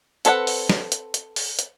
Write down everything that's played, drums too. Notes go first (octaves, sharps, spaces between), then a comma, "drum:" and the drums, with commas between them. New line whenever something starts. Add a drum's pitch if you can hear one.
C4 A4 B4 D#5 F#5, drum: hi-hat
drum: open hi-hat
drum: snare
drum: hi-hat
drum: hi-hat
drum: open hi-hat
drum: hi-hat